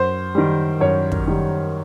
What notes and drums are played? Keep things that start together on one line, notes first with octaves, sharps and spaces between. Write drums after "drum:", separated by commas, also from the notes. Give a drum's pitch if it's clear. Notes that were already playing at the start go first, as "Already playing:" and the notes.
Already playing: F#2 C5
D#3 G3
F#2 C#5
drum: kick
D#3 G3